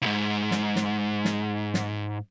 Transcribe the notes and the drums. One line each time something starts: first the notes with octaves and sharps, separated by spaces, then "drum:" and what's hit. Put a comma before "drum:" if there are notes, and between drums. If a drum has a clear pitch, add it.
C2 G#2
drum: snare
drum: snare
drum: snare
drum: snare